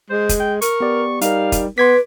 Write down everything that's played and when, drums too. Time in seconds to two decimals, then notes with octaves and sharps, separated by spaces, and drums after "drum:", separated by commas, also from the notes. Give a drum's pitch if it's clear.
0.10 G#3 C5
0.29 drum: kick, hi-hat
0.40 G5
0.62 A#4 C#6, drum: hi-hat
0.80 B3 G4 D5
1.21 G3 D#4 A#4 F5, drum: hi-hat
1.52 drum: kick, hi-hat
1.78 B3 B4 C6 D6 G#6 B6